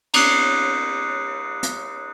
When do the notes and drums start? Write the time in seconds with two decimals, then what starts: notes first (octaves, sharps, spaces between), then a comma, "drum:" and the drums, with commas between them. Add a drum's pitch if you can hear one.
0.14 A#5 D6 D#6 F#6 C7 C#7, drum: cymbal
1.63 drum: hi-hat